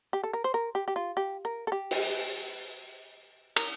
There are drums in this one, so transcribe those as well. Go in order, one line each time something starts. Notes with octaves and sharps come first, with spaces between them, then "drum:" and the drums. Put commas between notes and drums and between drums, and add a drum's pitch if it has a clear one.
G4
A4
A#4
C5
A#4
G4
G4
F4
G4
A#4
A4
G4
drum: open hi-hat
A#4, drum: cymbal